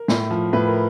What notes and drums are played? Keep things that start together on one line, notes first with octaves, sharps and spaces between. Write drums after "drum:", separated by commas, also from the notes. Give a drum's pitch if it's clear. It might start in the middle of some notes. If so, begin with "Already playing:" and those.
Already playing: A#4
A2, drum: snare
F3
A2 B4
A#4